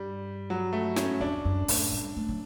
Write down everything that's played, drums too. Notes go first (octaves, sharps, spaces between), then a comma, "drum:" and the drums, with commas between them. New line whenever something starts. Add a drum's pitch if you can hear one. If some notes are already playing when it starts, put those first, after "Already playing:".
Already playing: G2 G3
F#3
A3
C#4, drum: snare
E2 D4
F#2
A2, drum: open hi-hat
G3
A3
F#3